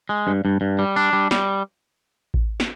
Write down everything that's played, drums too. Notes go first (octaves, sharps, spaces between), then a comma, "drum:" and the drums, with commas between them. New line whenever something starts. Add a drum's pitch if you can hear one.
G#3
G2
G2
G2
G3
D4
G3
G3, drum: snare
drum: kick A1
drum: snare